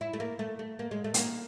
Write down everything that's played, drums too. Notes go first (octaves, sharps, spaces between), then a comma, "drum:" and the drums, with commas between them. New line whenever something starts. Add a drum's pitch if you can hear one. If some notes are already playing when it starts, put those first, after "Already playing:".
E4
A3
A#3
A3
A3
A#3
G#3
A3
B3, drum: hi-hat
A#3